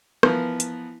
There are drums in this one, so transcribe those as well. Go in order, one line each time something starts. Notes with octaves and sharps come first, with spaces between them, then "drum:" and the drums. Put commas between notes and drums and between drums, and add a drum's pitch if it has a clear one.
E3 F3 B3 A#4, drum: rim click
drum: hi-hat